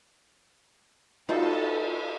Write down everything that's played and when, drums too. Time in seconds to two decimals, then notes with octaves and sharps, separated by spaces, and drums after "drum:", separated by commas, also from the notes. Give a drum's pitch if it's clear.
1.29 D#4 F4 F#4 A4, drum: cymbal